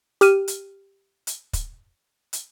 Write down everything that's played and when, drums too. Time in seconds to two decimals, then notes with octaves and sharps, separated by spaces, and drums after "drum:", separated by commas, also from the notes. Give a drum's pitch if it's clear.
0.21 G4 F6 D#7, drum: hi-hat
0.48 drum: hi-hat
1.27 drum: hi-hat
1.53 drum: kick, hi-hat
2.33 drum: hi-hat